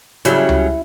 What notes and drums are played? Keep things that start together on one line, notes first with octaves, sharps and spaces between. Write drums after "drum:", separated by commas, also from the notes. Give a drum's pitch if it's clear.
C#3 F#3 G3 E4, drum: hi-hat
drum: tom C#2